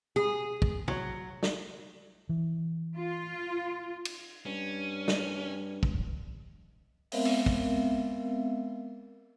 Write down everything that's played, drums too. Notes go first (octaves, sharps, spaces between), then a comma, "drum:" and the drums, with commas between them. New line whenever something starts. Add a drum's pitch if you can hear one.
G#4, drum: tom
drum: kick
F#3, drum: tom
drum: snare
E3
F4
drum: cymbal
G2 C#4
drum: snare
drum: kick
D1 F#2
G#3 B3 C4 A#4 E5 F5, drum: open hi-hat
drum: cymbal
drum: kick